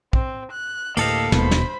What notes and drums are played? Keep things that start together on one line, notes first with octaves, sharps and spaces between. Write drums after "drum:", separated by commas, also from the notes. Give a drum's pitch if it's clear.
C4, drum: kick
F#6
D2 A2 A#3 G4 A4 D#5 F5, drum: cymbal
D#1 D#2 B2 G#3 C5 B5, drum: snare
drum: snare